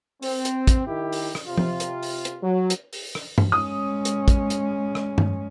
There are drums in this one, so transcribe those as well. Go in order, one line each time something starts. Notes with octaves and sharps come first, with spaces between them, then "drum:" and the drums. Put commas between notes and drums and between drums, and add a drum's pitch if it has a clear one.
C4, drum: open hi-hat
drum: hi-hat
drum: kick, hi-hat
D#3 E4 G4
drum: open hi-hat
drum: rim click
C3 F4
drum: tom F3
drum: hi-hat
drum: open hi-hat
drum: hi-hat
F#3
drum: hi-hat
drum: open hi-hat
drum: rim click
drum: tom
G#3 C#4 D#6
drum: hi-hat
drum: kick, hi-hat
drum: hi-hat
drum: rim click
drum: tom G2